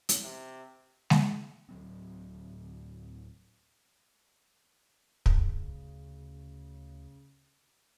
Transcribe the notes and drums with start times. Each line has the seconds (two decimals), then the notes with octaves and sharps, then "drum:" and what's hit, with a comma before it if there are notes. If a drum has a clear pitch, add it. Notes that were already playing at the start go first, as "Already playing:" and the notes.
0.09 drum: hi-hat
0.23 C3
1.10 drum: snare G#3
1.69 D1 F#3 C4
5.26 D2 C#3, drum: kick